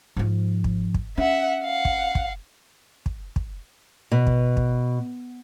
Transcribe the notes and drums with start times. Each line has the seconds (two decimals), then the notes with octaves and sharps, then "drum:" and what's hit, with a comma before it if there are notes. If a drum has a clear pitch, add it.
0.17 G#2 F3
0.64 drum: kick
0.94 drum: kick
1.17 C#4 E5 F#5
1.64 F5 F#5
1.85 drum: kick
2.15 drum: kick
3.06 drum: kick
3.36 drum: kick
4.12 B2
4.27 drum: kick
4.57 drum: kick